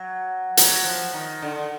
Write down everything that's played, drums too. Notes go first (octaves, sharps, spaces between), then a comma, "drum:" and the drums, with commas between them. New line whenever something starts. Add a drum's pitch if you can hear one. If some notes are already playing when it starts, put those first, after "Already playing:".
Already playing: F#3
F#3, drum: hi-hat
F3
D#3
D3